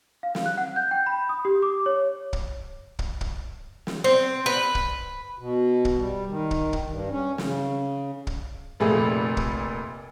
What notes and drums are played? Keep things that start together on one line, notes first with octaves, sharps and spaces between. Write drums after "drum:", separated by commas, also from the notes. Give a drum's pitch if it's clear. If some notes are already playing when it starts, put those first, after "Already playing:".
F5
drum: snare
F#6
F#5
G6
G5
B5
D#6
G4
D6
C#5
drum: kick
drum: kick
drum: kick
drum: snare
C4
B4
drum: kick
B2
drum: kick
G3
D#3
drum: kick
drum: kick
G2
C#4
C#3, drum: snare
drum: kick
F1 A#2 A3 G#4 B5
drum: kick